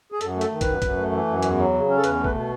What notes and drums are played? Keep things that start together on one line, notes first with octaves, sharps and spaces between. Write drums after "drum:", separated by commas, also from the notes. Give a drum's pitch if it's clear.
G#4
F#2 A4, drum: hi-hat
A3
A4, drum: hi-hat
D#3
B4, drum: kick, hi-hat
F#2
F#2, drum: kick, hi-hat
A3
E3
F#2
E2, drum: hi-hat
F#3
C#3
C#4
A4
E2 B4, drum: hi-hat
A3
B4, drum: kick
B2